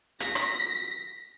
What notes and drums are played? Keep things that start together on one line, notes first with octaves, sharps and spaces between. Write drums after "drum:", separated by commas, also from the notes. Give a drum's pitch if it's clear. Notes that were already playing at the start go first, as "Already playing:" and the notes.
A#6 B6, drum: hi-hat
drum: rim click